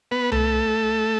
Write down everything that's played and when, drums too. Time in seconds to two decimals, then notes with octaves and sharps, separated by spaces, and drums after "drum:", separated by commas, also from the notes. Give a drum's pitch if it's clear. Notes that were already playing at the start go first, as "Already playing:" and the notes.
0.11 B3 B4
0.32 A3 A4, drum: tom C2